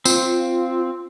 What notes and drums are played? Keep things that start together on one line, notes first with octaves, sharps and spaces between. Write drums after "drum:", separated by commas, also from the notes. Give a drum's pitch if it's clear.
C4 F4, drum: tambourine